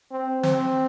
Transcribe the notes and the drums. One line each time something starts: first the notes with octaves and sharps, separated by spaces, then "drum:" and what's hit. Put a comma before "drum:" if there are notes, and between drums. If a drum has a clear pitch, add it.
C4
C4, drum: snare